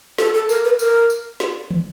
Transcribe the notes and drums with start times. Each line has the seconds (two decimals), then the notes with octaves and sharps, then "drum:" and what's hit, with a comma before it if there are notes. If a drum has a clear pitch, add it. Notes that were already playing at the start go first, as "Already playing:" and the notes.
0.18 A4, drum: snare
0.34 A4
0.49 A#4, drum: tambourine
0.64 B4
0.79 A#4, drum: tambourine
1.10 drum: tambourine
1.40 drum: snare
1.71 drum: tom